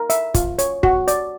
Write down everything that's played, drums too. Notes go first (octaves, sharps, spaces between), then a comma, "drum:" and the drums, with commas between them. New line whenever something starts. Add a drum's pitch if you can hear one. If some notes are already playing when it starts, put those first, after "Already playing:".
Already playing: A#4
E5, drum: hi-hat
F4, drum: kick, hi-hat
C#5, drum: hi-hat
F#4, drum: kick
D5, drum: hi-hat